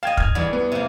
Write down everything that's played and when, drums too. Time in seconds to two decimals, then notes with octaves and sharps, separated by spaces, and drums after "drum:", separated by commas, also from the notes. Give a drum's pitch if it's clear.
0.03 D#5 F5 G5 A5 G#6
0.17 F6 G#6, drum: kick
0.35 E2 G3
0.53 B3
0.72 C3 A#3